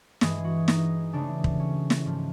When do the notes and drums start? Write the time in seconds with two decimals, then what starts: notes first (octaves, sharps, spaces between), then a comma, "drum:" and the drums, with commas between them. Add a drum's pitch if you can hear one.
0.21 G2 E3 G#3 G#4, drum: snare
0.44 F#4
0.68 D#4, drum: snare
1.13 C#3 E3 A3 D4
1.44 drum: kick
1.59 C#4
1.90 drum: snare
2.05 G#2 F3 A3